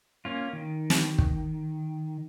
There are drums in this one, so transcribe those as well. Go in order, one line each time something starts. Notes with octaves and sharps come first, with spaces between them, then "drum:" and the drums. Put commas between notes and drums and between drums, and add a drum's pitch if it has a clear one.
A#3 C#4 F4
D#3
drum: snare
drum: kick